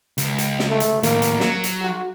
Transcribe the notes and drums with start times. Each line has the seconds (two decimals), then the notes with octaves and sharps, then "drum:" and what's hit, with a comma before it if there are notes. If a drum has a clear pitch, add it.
0.18 C#2, drum: hi-hat
0.38 drum: hi-hat
0.59 drum: snare
0.70 A3
0.80 drum: hi-hat
1.03 D#2 A2 A#3, drum: hi-hat
1.22 drum: hi-hat
1.40 F#3, drum: snare
1.64 drum: hi-hat
1.81 F#4